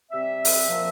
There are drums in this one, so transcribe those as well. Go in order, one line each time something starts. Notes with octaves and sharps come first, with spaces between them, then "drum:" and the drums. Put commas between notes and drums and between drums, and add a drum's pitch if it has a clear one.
C3 G3 C4 E5
drum: open hi-hat
A#2 F3